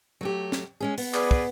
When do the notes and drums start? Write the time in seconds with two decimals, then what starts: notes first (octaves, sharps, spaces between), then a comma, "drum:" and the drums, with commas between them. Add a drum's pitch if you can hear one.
0.21 F#3 A3 G4
0.52 drum: snare
0.80 G#3 C#4 G#4
0.98 B3, drum: open hi-hat
1.14 G#4 B4 D5, drum: clap
1.31 drum: kick